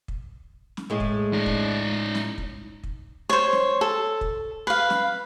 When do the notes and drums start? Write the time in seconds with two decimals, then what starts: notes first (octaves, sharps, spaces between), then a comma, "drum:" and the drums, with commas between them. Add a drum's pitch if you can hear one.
0.08 drum: kick
0.77 drum: snare
0.90 A2 G#3
1.00 drum: kick
1.33 D#4 D5
1.46 drum: kick
2.15 drum: snare
2.38 drum: kick
2.84 drum: kick
3.30 C5 C#5
3.52 drum: snare
3.81 A4
4.21 drum: kick
4.67 B4 F5
4.90 drum: snare